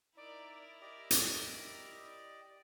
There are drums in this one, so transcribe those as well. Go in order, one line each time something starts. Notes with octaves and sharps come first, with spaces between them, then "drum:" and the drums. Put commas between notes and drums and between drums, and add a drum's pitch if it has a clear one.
D#4 E4 A#4 D5
G4 D5 D#5
drum: hi-hat